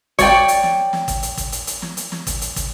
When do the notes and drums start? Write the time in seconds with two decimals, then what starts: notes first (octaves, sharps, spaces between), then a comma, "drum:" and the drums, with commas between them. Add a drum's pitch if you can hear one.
0.19 C#5 D5 G5, drum: kick, hi-hat
0.48 drum: hi-hat
0.63 drum: snare
0.93 drum: snare
1.08 drum: kick, hi-hat
1.23 drum: hi-hat
1.37 drum: kick, hi-hat
1.52 drum: hi-hat
1.67 drum: hi-hat
1.82 drum: snare
1.97 drum: hi-hat
2.12 drum: snare
2.27 drum: kick, hi-hat
2.41 drum: hi-hat
2.56 drum: kick, hi-hat